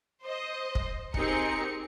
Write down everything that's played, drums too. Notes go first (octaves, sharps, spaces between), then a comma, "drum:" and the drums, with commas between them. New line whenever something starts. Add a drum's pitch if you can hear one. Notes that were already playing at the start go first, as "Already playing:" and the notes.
C5 D#5
drum: kick
C4 D#4 G4 G#4 A#4 C#7, drum: kick